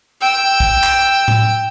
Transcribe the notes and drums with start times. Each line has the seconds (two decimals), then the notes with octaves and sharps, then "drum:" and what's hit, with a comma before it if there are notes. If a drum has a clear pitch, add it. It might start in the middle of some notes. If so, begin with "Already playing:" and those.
0.21 G5 E6
0.60 drum: kick
0.83 drum: clap
1.28 drum: tom A2